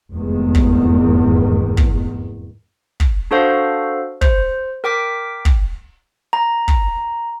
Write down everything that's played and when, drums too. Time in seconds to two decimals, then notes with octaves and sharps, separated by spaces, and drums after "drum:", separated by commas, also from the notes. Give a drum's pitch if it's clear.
0.12 F1 E2 G#2 D#3
0.55 drum: kick
1.77 drum: kick
3.00 drum: kick
3.31 D4 F#4 A4 C5 F5
4.21 C5, drum: kick
4.84 A#4 G5 D6 B6
5.45 drum: kick
6.33 A#5
6.68 drum: kick